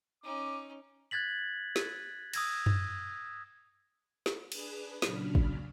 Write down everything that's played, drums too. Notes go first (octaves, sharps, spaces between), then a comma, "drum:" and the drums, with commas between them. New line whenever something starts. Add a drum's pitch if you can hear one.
C#4 D#4 D6
F#6 G#6 A6 B6 F#7
drum: snare
D#6 E6 G#6 A#6, drum: cymbal
drum: tom F#2
drum: snare
D4 G#4 B4, drum: cymbal
A#2 C#3 F#3 D4 B5 F6, drum: snare
drum: kick